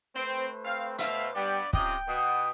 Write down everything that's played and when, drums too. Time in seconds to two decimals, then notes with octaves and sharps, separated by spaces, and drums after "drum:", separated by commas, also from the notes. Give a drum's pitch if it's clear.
0.15 A3 C4 B4 C5
0.65 C4 F5
0.98 B2 E5 F5, drum: hi-hat
1.35 G2 G3 B3 D5 G5
1.73 C3 C#4 F4 D#5 G5 D6, drum: kick
2.07 B2 F#5 D#6